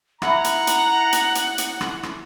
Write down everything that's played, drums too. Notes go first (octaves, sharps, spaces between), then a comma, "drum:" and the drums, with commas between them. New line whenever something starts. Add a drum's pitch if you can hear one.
E4 F#5 A#5, drum: rim click
drum: hi-hat
drum: hi-hat
drum: hi-hat
drum: hi-hat
drum: hi-hat
drum: rim click
drum: rim click